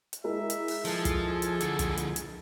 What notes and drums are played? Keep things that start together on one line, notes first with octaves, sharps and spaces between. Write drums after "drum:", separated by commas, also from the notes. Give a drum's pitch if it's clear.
drum: hi-hat
G#3 E4 A#4 E5
drum: hi-hat
drum: open hi-hat
F3 G#4 A4, drum: open hi-hat
drum: kick, hi-hat
drum: hi-hat
D3 F3, drum: hi-hat
drum: kick, hi-hat
drum: hi-hat
drum: hi-hat